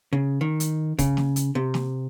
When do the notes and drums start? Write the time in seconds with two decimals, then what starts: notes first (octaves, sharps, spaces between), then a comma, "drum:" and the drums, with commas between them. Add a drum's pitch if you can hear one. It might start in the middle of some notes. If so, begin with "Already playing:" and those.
0.13 C#3
0.41 D#3
0.60 drum: hi-hat
0.99 C#3, drum: kick, hi-hat
1.17 drum: snare
1.36 drum: hi-hat
1.55 C3
1.74 drum: snare